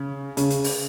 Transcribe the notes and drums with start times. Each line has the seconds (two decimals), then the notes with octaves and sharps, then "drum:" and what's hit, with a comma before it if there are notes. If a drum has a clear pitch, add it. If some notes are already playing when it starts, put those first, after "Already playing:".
Already playing: C#3
0.37 C#3, drum: hi-hat
0.50 drum: hi-hat
0.64 drum: open hi-hat